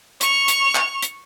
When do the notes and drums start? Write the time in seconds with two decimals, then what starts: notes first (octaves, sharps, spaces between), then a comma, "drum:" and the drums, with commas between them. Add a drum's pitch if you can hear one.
0.21 C#6 F7, drum: hi-hat
0.48 drum: hi-hat
0.75 drum: clap
1.02 drum: hi-hat